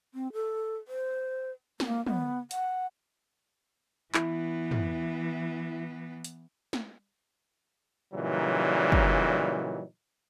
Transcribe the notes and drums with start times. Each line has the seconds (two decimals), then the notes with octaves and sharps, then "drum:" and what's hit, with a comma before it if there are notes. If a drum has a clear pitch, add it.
0.14 C4
0.33 A4
0.88 C5
1.80 A#3, drum: snare
2.07 B3, drum: tom
2.51 F#5, drum: hi-hat
4.14 E3 B3 E4, drum: clap
4.71 drum: tom
6.24 drum: hi-hat
6.73 drum: snare
8.13 A#2 C#3 E3 F#3 G3 D#4
8.92 drum: kick